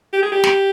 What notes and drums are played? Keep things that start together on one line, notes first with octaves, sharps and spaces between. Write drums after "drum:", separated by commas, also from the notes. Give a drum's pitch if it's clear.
G4
G#4
G4
drum: snare